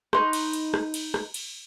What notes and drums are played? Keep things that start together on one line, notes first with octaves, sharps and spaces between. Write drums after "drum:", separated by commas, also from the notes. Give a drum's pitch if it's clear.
D#4 B4 C6 C#6, drum: rim click
drum: cymbal
drum: cymbal
drum: rim click
drum: cymbal
drum: rim click
drum: cymbal